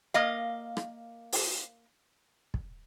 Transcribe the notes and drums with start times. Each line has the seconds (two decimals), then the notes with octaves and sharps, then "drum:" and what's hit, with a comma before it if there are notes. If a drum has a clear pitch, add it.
0.14 A#3 D#5 F5
0.77 drum: rim click
1.32 drum: open hi-hat
2.54 drum: kick